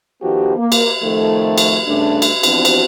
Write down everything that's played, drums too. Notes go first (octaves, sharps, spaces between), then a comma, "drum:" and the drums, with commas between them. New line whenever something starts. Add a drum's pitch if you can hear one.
D#3 F3 B3 F#4 G4
A#3
drum: cymbal
F2 D#3 F3 A3
drum: cymbal
G2 C#3 A3 D4
drum: cymbal
E3 F3 B3 C4 D4 F#4, drum: cymbal
drum: cymbal